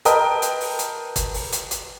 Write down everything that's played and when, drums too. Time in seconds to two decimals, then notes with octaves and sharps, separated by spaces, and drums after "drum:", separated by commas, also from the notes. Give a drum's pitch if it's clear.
0.05 A#4 B4 D#5 G5 A5 D#6, drum: hi-hat
0.42 drum: hi-hat
0.61 drum: open hi-hat
0.79 drum: hi-hat
1.16 drum: kick, hi-hat
1.34 drum: open hi-hat
1.53 drum: hi-hat
1.71 drum: hi-hat